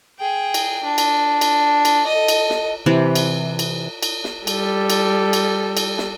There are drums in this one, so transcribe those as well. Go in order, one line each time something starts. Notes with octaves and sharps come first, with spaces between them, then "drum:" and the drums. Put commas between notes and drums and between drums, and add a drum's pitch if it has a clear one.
G#4 G5
drum: cymbal
D4
drum: cymbal
drum: cymbal
drum: cymbal
A4 D#5
drum: cymbal
drum: snare
C3 E3 B4
drum: cymbal
drum: cymbal
drum: cymbal
drum: snare
G3 A4, drum: cymbal
drum: cymbal
drum: cymbal
drum: cymbal
drum: snare